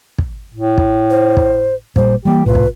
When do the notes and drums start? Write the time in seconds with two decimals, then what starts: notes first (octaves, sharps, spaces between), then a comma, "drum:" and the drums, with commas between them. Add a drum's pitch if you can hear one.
0.18 drum: kick
0.54 A2
0.78 drum: kick
1.10 C5
1.37 drum: kick
1.96 A#2 G3 C5, drum: kick
2.25 E3 G3 A#3 G4
2.46 C2 A2 F4 B4
2.55 drum: kick